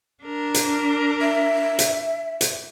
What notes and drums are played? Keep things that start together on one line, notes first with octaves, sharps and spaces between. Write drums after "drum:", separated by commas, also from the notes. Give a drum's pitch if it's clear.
D4 A#4
drum: hi-hat
E5
drum: hi-hat
drum: hi-hat